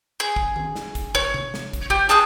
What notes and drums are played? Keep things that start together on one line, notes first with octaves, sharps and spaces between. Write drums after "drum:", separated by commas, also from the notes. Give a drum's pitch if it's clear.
G#4
drum: kick
drum: tom D#3
drum: snare
drum: kick, hi-hat
C#5, drum: kick
drum: tom C3
drum: snare
drum: kick, hi-hat
G4, drum: kick
G#4 A5 D#6 F#6